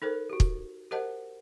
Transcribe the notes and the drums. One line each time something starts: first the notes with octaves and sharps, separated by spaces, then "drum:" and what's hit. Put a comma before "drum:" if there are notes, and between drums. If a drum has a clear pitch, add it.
D#4 A4 A#4 C5
F#4 G4
drum: kick
G4 A#4 C5 D#5 F#5 A5